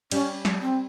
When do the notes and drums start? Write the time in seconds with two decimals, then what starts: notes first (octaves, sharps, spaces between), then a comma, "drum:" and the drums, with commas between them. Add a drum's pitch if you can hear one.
0.11 G3 C#4, drum: cymbal
0.45 drum: snare
0.61 C4